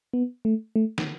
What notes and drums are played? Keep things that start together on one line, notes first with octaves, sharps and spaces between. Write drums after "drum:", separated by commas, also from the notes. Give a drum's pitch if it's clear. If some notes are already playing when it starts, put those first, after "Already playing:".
B3
A3
A3
drum: snare